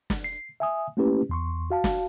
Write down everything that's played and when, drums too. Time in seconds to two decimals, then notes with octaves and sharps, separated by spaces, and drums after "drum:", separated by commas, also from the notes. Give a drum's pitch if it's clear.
0.10 drum: snare
0.24 C7
0.60 E5 G#5 D#6
0.97 A3 A#3 C#4 E4 G4 B4
1.29 E2 C6 C#6
1.70 F#4 F5 A5
1.84 drum: snare